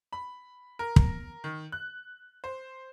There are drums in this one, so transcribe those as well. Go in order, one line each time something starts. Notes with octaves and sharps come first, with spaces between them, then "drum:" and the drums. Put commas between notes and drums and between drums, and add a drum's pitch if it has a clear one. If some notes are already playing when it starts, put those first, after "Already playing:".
B5
A#4
drum: kick
D#3
F#6
C5